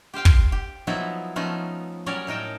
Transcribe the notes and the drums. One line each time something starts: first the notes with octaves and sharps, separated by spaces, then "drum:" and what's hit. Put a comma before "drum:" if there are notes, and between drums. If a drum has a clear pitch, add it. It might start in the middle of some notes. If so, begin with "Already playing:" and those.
G4 C5 F5 G5
drum: kick
G4
F3 F#3 B3 D#4 E4
F3 A3 B3 C#4 D#4
F#3 G3 C#4 A#4 C#5 D5
A2 D#4 A#4 G5 A5